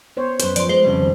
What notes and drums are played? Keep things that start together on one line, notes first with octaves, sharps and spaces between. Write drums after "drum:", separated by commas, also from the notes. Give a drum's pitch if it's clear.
B3 C5 C#5
F#2 B4 C5, drum: hi-hat
F3 D5 C6, drum: hi-hat
G#3 C5
F2 C#3 G3
D#3 G#3